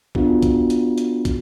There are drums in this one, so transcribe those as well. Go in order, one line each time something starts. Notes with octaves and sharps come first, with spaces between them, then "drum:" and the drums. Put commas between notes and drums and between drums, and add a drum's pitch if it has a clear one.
B3 D4 F4 F#4 G#4, drum: kick
drum: kick, hi-hat
drum: hi-hat
drum: hi-hat
drum: kick, hi-hat